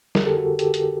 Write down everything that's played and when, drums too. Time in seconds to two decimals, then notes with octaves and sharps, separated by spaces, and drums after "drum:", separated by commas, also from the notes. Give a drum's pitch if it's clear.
0.15 F2 D3 G#4 A#4, drum: snare
0.26 G4 A4
0.37 F#4
0.59 G4 A4, drum: hi-hat
0.74 drum: hi-hat